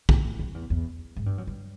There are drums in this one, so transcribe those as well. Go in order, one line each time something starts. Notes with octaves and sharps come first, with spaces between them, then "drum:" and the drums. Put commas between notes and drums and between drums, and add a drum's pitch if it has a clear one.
A2, drum: kick
F2
E2
E2
G#2
G2
F#2
G2